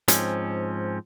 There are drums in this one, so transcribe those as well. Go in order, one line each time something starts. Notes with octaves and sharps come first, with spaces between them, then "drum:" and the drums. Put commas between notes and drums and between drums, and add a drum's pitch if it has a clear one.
G#2 F3 C4 C#4, drum: hi-hat